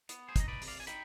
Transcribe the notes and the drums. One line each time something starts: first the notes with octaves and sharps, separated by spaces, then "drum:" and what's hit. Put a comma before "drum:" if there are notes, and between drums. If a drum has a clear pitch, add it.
B3, drum: hi-hat
G#4 C5
D#4 D#5, drum: kick, hi-hat
B4 D5
C3, drum: open hi-hat
D5 F5
G#5
D#4 G5 B5, drum: hi-hat